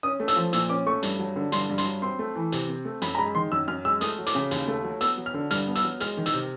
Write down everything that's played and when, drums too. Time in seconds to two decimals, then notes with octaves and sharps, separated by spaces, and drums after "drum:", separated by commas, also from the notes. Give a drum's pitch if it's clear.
0.03 C#4 D#6
0.20 A3
0.28 E6, drum: hi-hat
0.36 F3
0.53 A#2 E6, drum: hi-hat
0.69 C#4 D6
0.86 A3 C#6
1.03 G2, drum: hi-hat
1.19 F#3
1.36 D3
1.52 G2 C6, drum: hi-hat
1.69 G2
1.78 C6, drum: hi-hat
1.85 F#3
2.02 C4 C6
2.19 A3
2.36 E3
2.52 C3, drum: hi-hat
2.69 C4
2.85 A3
3.02 F#2 B5, drum: hi-hat
3.15 A#5
3.18 G#3 B5
3.35 D#3 C6
3.52 F#2 E6
3.68 F#2 F6
3.85 G#3 E6
4.01 A3 D#6, drum: hi-hat
4.19 F#3
4.27 D6, drum: hi-hat
4.35 C#3
4.51 D#2, drum: hi-hat
4.68 A3
4.84 F#3
5.01 B3 E6, drum: hi-hat
5.18 F#3
5.26 F6
5.34 D3
5.51 G2 F6, drum: hi-hat
5.67 B3
5.75 E6, drum: hi-hat
5.84 F#3
6.00 G#3 F6, drum: hi-hat
6.17 D#3
6.26 E6, drum: hi-hat
6.34 C3